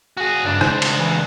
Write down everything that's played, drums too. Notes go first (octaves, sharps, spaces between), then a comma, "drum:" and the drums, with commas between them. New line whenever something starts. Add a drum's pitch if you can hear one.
F#4 G#4
C#2 G2 D4
C5, drum: rim click
drum: cymbal
E3